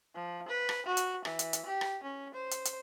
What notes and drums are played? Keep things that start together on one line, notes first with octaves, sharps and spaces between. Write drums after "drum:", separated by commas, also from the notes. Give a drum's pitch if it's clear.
F3
B4
drum: rim click
F#4
drum: hi-hat
E3, drum: rim click
drum: hi-hat
drum: hi-hat
G4
drum: rim click
C#4
C5
drum: hi-hat
drum: hi-hat